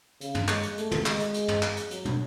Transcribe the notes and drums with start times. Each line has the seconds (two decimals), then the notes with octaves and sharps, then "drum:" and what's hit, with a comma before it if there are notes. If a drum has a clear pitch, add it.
0.21 C#3, drum: hi-hat
0.35 drum: tom
0.48 G#3, drum: clap
0.63 drum: hi-hat
0.78 A3, drum: hi-hat
0.91 drum: tom
1.06 G#3, drum: clap
1.20 drum: hi-hat
1.34 drum: hi-hat
1.48 drum: tom
1.62 drum: clap
1.77 drum: hi-hat
1.91 F#3, drum: hi-hat
2.05 drum: tom